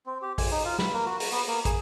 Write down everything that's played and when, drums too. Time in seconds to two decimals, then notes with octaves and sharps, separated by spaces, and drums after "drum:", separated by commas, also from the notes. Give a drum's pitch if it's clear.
0.06 C4
0.22 G4
0.38 G#5, drum: kick, open hi-hat
0.51 D#4
0.65 F4
0.78 B4, drum: snare
0.93 A#3
1.06 F#4
1.20 A#5, drum: open hi-hat
1.32 B3
1.47 A#3
1.65 G#4, drum: kick, hi-hat